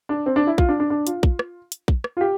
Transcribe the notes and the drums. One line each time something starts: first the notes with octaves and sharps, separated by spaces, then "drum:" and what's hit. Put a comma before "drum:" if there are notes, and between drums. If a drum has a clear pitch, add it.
D4
C4
D4
E4
F4, drum: kick
D4
D4
D4
F4, drum: hi-hat
drum: kick
drum: rim click
drum: hi-hat
drum: kick
drum: rim click
F4
G4